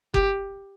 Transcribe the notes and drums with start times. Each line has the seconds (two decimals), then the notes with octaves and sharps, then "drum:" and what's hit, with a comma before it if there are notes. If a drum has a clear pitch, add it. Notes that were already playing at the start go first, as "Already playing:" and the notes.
0.14 G4, drum: kick F#1